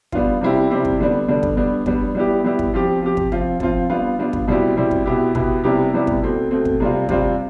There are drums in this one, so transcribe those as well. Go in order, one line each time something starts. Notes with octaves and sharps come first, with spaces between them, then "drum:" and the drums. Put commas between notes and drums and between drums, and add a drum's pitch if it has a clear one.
G3 B3 D4 F4, drum: kick
C3 G3 C4 E4 G4
C3 G3 C4 E4 G4
drum: kick
D3 G3 B3 D4
D3 G3 B3 D4
drum: kick
G3 B3 D4
G3 B3 D4, drum: kick
G3 B3 E4 G4
G3 B3 E4 G4
drum: kick
F3 C4 G4
F3 C4 G4
drum: kick
F3 C4 F4, drum: tom
F3 C4 F4, drum: kick
G3 B3 D4 F4
G3 B3 D4 F4
drum: kick
B2 G3 C4 E4 G4
B2 G3 C4 E4 G4
drum: kick
B2 B3 E4 G4
B2 B3 E4 G4, drum: kick
C3 G3 B3 E4 G4
C3 G3 B3 E4 G4
drum: kick
B2 A3 C4
B2 A3 C4
drum: kick
C3 G3 C4 F4
C3 G3 C4 F4, drum: kick